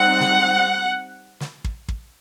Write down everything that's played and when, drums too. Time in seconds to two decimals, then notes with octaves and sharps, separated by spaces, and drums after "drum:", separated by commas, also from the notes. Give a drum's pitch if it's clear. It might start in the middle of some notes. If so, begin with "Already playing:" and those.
Already playing: G3 C4 D#4 F#5
0.20 drum: snare
1.40 drum: snare
1.64 drum: kick
1.88 drum: kick